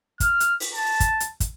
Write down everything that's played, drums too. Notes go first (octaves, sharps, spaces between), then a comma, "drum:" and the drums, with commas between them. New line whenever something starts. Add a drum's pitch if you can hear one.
F6, drum: kick, hi-hat
drum: hi-hat
drum: open hi-hat
A5
drum: kick, hi-hat
drum: hi-hat
drum: kick, hi-hat